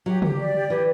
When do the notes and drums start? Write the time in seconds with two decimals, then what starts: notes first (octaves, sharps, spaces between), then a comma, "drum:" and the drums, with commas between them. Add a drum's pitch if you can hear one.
0.05 F#3 G4
0.22 G4, drum: tom
0.38 D5
0.54 G4
0.70 E3 G4